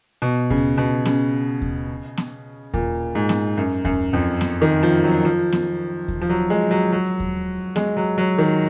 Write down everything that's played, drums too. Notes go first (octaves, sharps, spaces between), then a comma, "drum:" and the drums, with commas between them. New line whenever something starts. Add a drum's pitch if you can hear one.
B2
C#3, drum: kick D#2
B2
C#3, drum: snare B3
drum: kick D#2
drum: snare B3
A#2, drum: kick D#2
G#2
drum: snare B3
F#2
F#2, drum: kick D#2
F2
drum: snare B3
D#3
F3
F#3
F3
drum: snare B3
drum: kick D#2
F3
F#3
G#3
F#3
F#3
drum: kick D#2
G#3, drum: snare B3
F#3
F#3
D#3